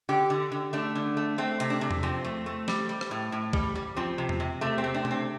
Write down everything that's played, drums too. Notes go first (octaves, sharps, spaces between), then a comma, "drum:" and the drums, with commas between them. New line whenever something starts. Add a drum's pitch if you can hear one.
D3 G4
D3
D3
A3 D4
D3
A3
A3 C4
C3, drum: hi-hat
D4
C3
drum: tom E2
F3 C4
A3
A3
G3, drum: snare
G3
drum: rim click
A2
A2
G3, drum: kick
G3
F3 C4
C3
drum: tom E2
C3
C3 A3
C4
A3
D4
C3, drum: tom B2
C4